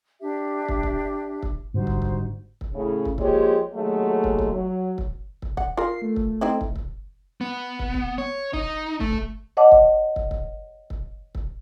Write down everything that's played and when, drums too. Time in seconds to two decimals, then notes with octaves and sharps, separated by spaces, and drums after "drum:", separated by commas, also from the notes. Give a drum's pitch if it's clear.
0.21 D4 G4 E5
0.69 drum: kick
0.83 drum: kick
1.43 drum: kick
1.74 G#2 D3 G3 D#4 F#4 C5
1.87 drum: kick
2.02 drum: kick
2.61 drum: kick
2.73 A2 C#3
3.05 drum: kick
3.18 F3 G#3 A#3 G4 C#5, drum: kick
3.74 D#2 F#3 G#3 A3 F#4
4.24 drum: kick
4.39 drum: kick
4.52 F#3
4.98 drum: kick
5.42 drum: kick
5.57 F#5, drum: kick
5.77 F4 A#4 C7
6.02 A3
6.16 drum: kick
6.41 C4 D#4 E4
6.61 drum: kick
6.76 drum: kick
7.41 B3
7.79 drum: kick
7.94 drum: kick
8.18 C#5
8.53 D#4, drum: kick
9.00 A3, drum: kick
9.13 drum: kick
9.57 C#5 D#5 F#5 A5 D6
9.72 drum: kick
10.16 drum: kick
10.31 drum: kick
10.90 drum: kick
11.35 drum: kick